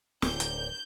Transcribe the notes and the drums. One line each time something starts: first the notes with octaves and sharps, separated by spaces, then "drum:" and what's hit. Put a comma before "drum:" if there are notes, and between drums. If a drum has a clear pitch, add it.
D1 D3 G6, drum: snare
drum: hi-hat